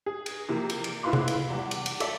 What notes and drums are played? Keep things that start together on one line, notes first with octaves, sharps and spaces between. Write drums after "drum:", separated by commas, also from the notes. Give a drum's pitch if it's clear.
G#4
drum: cymbal
C3 E3 F3 A#3
drum: cymbal
drum: cymbal
E4 F4 B4 F5 C6 D6
drum: tom C3
drum: cymbal
E2 G3
drum: cymbal
drum: cymbal
A4 C#5 D5 E5, drum: cymbal